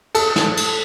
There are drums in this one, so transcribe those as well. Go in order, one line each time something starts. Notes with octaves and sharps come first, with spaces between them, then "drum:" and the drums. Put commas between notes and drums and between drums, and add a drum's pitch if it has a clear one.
A4, drum: cymbal
drum: snare
drum: cymbal